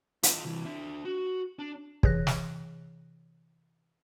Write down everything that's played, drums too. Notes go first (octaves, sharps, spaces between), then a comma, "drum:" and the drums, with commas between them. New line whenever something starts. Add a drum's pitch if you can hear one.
F4 D#5, drum: hi-hat
C2 E3
D4 E5
F#4
D4
C3 E3 G#4 C#5 F#6 A#6, drum: kick
drum: snare